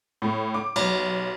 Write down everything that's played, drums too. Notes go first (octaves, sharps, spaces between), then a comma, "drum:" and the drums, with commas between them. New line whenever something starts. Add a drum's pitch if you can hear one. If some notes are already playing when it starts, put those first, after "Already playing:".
A2
D6
B1, drum: cymbal